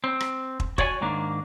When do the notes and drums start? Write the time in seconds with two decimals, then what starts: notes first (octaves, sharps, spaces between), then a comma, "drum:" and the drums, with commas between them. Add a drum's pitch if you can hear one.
0.04 C4
0.20 drum: rim click
0.60 drum: kick
0.78 F#4 C#5 D5 F#5 G#5, drum: kick
1.01 G#2 D#3 A#3 D4